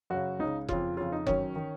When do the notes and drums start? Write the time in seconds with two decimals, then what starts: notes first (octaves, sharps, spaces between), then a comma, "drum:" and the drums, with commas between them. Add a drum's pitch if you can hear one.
0.10 F#2 C#3 F#4
0.39 C#2 C#3 D#4
0.68 F2 C#3 F4, drum: kick F1
0.97 F2 C#3 F4
1.12 D#4
1.26 F#2 D#3 C#4, drum: kick F1
1.56 D#3